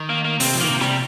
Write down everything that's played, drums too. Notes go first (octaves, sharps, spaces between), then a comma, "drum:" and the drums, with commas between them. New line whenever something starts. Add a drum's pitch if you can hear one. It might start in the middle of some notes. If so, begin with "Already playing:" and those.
Already playing: D#3
A#3
A#3
C3 C4, drum: open hi-hat
F3
D#3 A#3
C3
G3, drum: snare